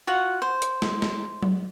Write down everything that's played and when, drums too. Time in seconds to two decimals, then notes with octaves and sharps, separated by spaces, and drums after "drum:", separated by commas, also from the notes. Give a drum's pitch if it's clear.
0.07 F4 F#4 F#5
0.42 C5
0.62 drum: hi-hat
0.82 drum: snare
1.02 drum: snare
1.43 drum: tom F#3